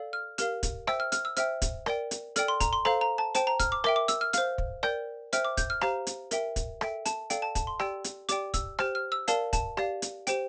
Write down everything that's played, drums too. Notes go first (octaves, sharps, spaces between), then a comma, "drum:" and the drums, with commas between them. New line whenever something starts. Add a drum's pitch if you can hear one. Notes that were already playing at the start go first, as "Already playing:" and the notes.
Already playing: A4 D5 F5
F6
G4 A#4 F5 F6, drum: hi-hat
drum: kick, hi-hat
C5 E5 G5 E6, drum: rim click
F6
F6, drum: hi-hat
E6
C5 E5 G5 F6, drum: hi-hat
drum: kick, hi-hat
A#4 D5 G5, drum: rim click
drum: hi-hat
A4 D5 G5 F6, drum: hi-hat
C6
A#5, drum: kick, hi-hat
C6
A4 C5 F5 A#5, drum: rim click
A#5
A5
C5 G5 A5, drum: hi-hat
A#5
F6, drum: kick, hi-hat
D6
A#4 E5 G5 D6, drum: rim click
D6
E6, drum: hi-hat
F6
C5 F5 F6, drum: hi-hat
drum: kick
A#4 D5 G5 G6, drum: rim click
C5 E5 G5 F6, drum: hi-hat
D6
G6, drum: kick, hi-hat
F6
G4 C5 F5 A#5, drum: rim click
drum: hi-hat
A#4 E5 G5, drum: hi-hat
drum: kick, hi-hat
A4 E5 G5, drum: rim click
A5, drum: hi-hat
A4 D5 F5 G5, drum: hi-hat
A5
A5, drum: kick, hi-hat
C6
G4 D5 G5 E6, drum: rim click
drum: hi-hat
G4 D5 G5 D6, drum: hi-hat
E6, drum: kick, hi-hat
G4 C5 G5 F6, drum: rim click
F6
E6
A#4 D5 F5 A5, drum: hi-hat
A5, drum: kick, hi-hat
G4 D5 F5, drum: rim click
drum: hi-hat
G4 C5 G5, drum: hi-hat